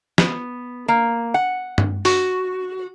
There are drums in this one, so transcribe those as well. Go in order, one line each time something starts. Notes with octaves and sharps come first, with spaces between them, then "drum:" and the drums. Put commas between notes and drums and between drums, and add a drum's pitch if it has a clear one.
B3, drum: snare
A#3
F#5
drum: tom G2
F#4, drum: open hi-hat